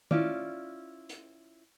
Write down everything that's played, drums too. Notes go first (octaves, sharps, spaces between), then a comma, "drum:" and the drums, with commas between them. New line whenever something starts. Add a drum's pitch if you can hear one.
C#4 E4 F4 D5, drum: tom D#3
drum: hi-hat